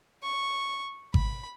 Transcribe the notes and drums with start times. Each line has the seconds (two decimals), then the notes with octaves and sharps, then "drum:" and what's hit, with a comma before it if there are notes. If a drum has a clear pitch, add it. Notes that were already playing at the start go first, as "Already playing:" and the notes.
0.23 C#6
1.14 B5, drum: kick G#1